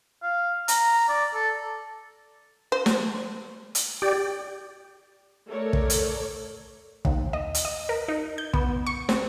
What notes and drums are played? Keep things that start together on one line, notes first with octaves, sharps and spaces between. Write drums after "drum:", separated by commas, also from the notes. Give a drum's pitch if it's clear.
F5
A#5, drum: hi-hat
D5
A4
C5
drum: snare
drum: hi-hat
G4 D5
A3 A4 A#4 C#5 D5
drum: kick
drum: hi-hat
D#2, drum: kick
D#5
drum: hi-hat
D#5
A#4
D#4
G6
B3, drum: kick
C#6
C4, drum: snare